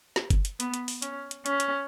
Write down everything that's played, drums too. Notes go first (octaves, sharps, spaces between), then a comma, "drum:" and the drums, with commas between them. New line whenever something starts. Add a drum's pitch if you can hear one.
drum: snare
drum: kick F#1, hi-hat
drum: hi-hat
B3, drum: hi-hat
drum: hi-hat
drum: open hi-hat
C#4, drum: hi-hat
drum: hi-hat
C#4, drum: hi-hat
drum: hi-hat